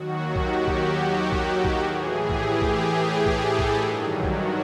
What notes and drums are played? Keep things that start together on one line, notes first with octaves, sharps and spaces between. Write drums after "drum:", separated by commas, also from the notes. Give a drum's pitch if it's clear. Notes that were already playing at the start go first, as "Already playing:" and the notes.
Already playing: D#2 D#3 F#3 F#4
G4, drum: kick
drum: kick
drum: kick
drum: kick
A2 E3 G#4
G4, drum: kick
drum: kick
G#4
A4, drum: kick
drum: kick
G2 D#3 F#3
F#4, drum: kick